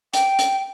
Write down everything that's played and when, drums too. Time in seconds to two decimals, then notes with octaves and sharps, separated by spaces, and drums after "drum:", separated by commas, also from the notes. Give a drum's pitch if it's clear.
0.14 G5, drum: hi-hat
0.39 drum: hi-hat